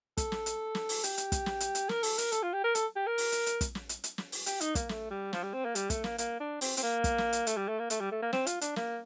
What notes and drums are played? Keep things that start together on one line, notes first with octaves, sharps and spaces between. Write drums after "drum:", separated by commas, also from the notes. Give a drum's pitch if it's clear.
A4, drum: kick, hi-hat
drum: snare
drum: hi-hat
drum: snare
drum: open hi-hat
G4, drum: hi-hat
drum: hi-hat
drum: kick, hi-hat
drum: snare
drum: hi-hat
drum: hi-hat
A#4, drum: snare
A4, drum: open hi-hat
A#4, drum: hi-hat
A4, drum: hi-hat
F4
G4
A#4
A4, drum: hi-hat
G4
A#4
drum: open hi-hat
drum: hi-hat
drum: hi-hat
drum: kick, hi-hat
drum: snare
drum: hi-hat
drum: hi-hat
drum: snare
drum: open hi-hat
G4, drum: hi-hat
D#4, drum: hi-hat
A#3, drum: kick, hi-hat
A3, drum: snare
G3
F3, drum: snare
G3
C4
A#3
G3, drum: hi-hat
A3, drum: kick, hi-hat
A#3, drum: snare
A#3, drum: hi-hat
D4
C4, drum: open hi-hat
C4, drum: hi-hat
A#3
drum: kick, hi-hat
drum: snare
drum: hi-hat
A3, drum: hi-hat
G3
A3
A#3
A3, drum: hi-hat
G3
A3
A#3
C4, drum: snare
F4, drum: hi-hat
D4, drum: hi-hat
A#3, drum: snare